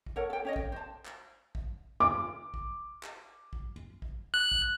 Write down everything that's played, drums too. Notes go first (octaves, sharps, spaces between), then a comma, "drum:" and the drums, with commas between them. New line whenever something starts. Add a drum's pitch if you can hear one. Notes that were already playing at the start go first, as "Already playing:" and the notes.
drum: kick
A4 A#4 C#5 F#5
A4 G5
C#4 C#5 D#5
G5, drum: kick
C5 A5
drum: clap
drum: kick
D6
drum: kick
drum: clap
drum: kick
drum: kick
F#6
drum: kick